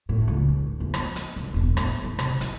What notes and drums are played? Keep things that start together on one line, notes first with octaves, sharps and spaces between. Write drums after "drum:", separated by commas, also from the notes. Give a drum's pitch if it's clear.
A2
C#2
D#3
E2
F3, drum: rim click
drum: hi-hat
C2
E1
A2, drum: rim click
E3
C3, drum: rim click
E3, drum: hi-hat